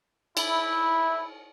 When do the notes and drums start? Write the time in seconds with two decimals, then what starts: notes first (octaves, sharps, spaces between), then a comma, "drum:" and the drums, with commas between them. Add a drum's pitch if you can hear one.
0.37 E4, drum: cymbal